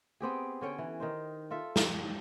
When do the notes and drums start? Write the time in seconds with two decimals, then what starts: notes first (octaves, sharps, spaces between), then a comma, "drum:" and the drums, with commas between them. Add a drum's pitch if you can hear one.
0.20 B3 C4 G4 G#4
0.61 D3 C#4 C#5 G5
0.78 E3
1.00 D#3 D#4 C5
1.51 F4 A4 E5
1.76 G3 D4, drum: snare